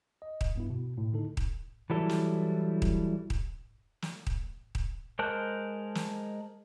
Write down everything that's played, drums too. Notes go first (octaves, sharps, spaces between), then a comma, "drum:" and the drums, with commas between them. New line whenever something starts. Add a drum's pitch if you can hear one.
D#5
drum: kick D#1
G2 B3 E4
B2
A2
D3 D#4 A4
drum: kick D#1
E3 F#3 G3 E4 A4
drum: snare
drum: kick D#1
drum: kick D#1
drum: snare
drum: kick D#1
drum: kick D#1
G#3 A#4 C5 A5 F#6
drum: snare